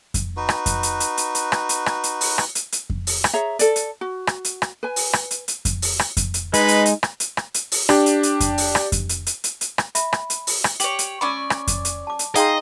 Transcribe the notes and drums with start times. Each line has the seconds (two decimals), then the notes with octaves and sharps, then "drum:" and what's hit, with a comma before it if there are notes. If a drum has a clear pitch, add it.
0.14 drum: kick F2, hi-hat
0.37 D#4 F#4 B4
0.49 drum: rim click
0.66 drum: kick F2, hi-hat
0.83 drum: hi-hat
1.00 drum: hi-hat
1.17 drum: hi-hat
1.35 drum: hi-hat
1.52 drum: rim click
1.69 drum: hi-hat
1.86 drum: rim click
2.04 drum: hi-hat
2.21 drum: open hi-hat
2.38 drum: rim click
2.55 drum: hi-hat
2.72 drum: hi-hat
2.90 drum: kick F2
3.07 drum: open hi-hat
3.24 drum: rim click
3.34 G#4 C#5 E5 A#5
3.59 A4 D5, drum: hi-hat
3.76 drum: hi-hat
4.01 F#4
4.27 drum: rim click
4.45 drum: hi-hat
4.62 drum: rim click
4.83 B4 G#5
4.96 drum: open hi-hat
5.13 drum: rim click
5.31 drum: hi-hat
5.48 drum: hi-hat
5.65 drum: kick F2, hi-hat
5.82 drum: open hi-hat
5.99 drum: rim click
6.17 drum: kick F2, hi-hat
6.34 drum: hi-hat
6.54 G#3 D#4 B4, drum: hi-hat
6.68 drum: hi-hat
6.86 drum: hi-hat
7.03 drum: rim click
7.20 drum: hi-hat
7.37 drum: rim click
7.54 drum: hi-hat
7.72 drum: open hi-hat
7.89 D4 G4, drum: rim click
8.06 drum: hi-hat
8.23 drum: hi-hat
8.40 drum: kick F2, hi-hat
8.58 drum: open hi-hat
8.75 drum: rim click
8.92 drum: kick F2, hi-hat
9.09 drum: hi-hat
9.26 drum: hi-hat
9.44 drum: hi-hat
9.61 drum: hi-hat
9.78 drum: rim click
9.95 E5 B5, drum: hi-hat
10.13 drum: rim click
10.30 drum: hi-hat
10.47 drum: open hi-hat
10.64 drum: rim click
10.80 G4 C#5 F#7, drum: hi-hat
10.99 drum: hi-hat
11.21 C#4 D5 B5 C#6 E6
11.50 drum: rim click
11.67 drum: kick F2, hi-hat
11.85 drum: hi-hat
12.07 A5 D6
12.19 drum: hi-hat
12.35 D#4 G#4 D#5 F5 G5 A#5 C6 G6, drum: hi-hat